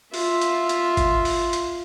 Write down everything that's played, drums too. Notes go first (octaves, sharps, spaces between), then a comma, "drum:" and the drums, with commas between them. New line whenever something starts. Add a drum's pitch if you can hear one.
F4 E5, drum: open hi-hat
drum: hi-hat
drum: hi-hat
drum: kick, hi-hat
drum: open hi-hat
drum: hi-hat